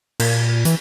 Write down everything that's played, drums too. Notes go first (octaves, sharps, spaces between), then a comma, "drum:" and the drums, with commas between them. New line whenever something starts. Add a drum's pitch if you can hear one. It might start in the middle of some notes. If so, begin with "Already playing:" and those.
A#2, drum: cymbal
E3, drum: hi-hat